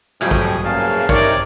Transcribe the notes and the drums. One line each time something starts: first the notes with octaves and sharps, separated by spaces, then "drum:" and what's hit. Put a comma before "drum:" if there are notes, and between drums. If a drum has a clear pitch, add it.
F2 A2 F#3 G3 G#5 D#6
drum: kick
E2 C#3 A#3 C#4 F5 A5
C3 D#4 A#4 C#5 D5, drum: kick